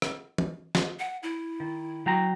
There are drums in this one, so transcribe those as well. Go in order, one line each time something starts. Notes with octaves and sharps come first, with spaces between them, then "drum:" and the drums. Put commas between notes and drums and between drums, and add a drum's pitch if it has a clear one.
drum: rim click
drum: tom E3
drum: snare
F#5
E4
D#3
F#3 G5 A#5